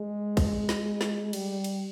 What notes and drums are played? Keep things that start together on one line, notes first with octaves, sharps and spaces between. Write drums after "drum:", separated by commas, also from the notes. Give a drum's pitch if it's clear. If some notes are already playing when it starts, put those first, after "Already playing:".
Already playing: G#3
drum: kick, cymbal
drum: snare
drum: snare
G3, drum: cymbal
drum: cymbal